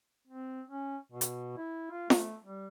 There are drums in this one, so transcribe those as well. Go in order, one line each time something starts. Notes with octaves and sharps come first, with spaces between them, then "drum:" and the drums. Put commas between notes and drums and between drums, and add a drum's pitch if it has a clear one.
C4
C#4
B2
drum: hi-hat
E4
F4
A3, drum: snare
G3